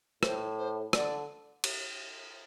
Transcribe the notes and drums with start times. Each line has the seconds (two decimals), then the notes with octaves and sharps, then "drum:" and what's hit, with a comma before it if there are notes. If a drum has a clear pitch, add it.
0.23 A2 C5, drum: rim click
0.58 C5
0.93 D3 D5, drum: rim click
1.64 drum: cymbal